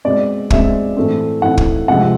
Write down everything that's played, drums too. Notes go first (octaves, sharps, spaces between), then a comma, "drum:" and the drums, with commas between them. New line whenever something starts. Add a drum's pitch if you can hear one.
B2 G#3 C4 D5
B2 G#3 C4 E5, drum: kick
A2 E3 A3 C4
A2 E3 A3 C4 F#5
drum: kick
C3 F3 G#3 C4 F#5